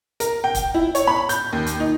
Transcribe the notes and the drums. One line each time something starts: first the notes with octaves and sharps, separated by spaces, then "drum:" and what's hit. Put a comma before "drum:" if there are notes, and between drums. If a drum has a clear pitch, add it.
A#4, drum: hi-hat
G5
drum: kick, hi-hat
E4
C#5, drum: hi-hat
B5
G6, drum: hi-hat
D#2
drum: hi-hat
D#4